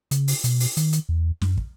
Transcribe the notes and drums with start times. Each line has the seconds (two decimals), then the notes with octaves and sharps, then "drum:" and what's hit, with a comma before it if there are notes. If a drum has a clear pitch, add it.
0.11 C#3, drum: hi-hat
0.28 drum: open hi-hat
0.44 B2, drum: hi-hat
0.60 drum: open hi-hat
0.77 D#3, drum: hi-hat
0.93 drum: hi-hat
1.09 E2
1.41 F#2, drum: snare
1.58 drum: kick